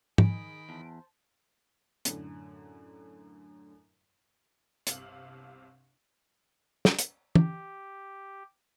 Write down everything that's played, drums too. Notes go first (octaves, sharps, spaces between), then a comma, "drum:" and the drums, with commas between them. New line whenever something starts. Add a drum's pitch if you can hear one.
D#3 G#4 B5 D7, drum: tom G#2
E2 C5 A5
F#2 A2 D3, drum: hi-hat
G1 C2 C3 C4 F5 F#7, drum: hi-hat
drum: snare
drum: hi-hat
G4, drum: tom